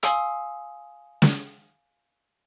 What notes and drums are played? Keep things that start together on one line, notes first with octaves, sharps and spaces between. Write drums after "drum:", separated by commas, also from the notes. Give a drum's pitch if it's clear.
F5 G#5 C6 D#6 E6, drum: hi-hat
drum: snare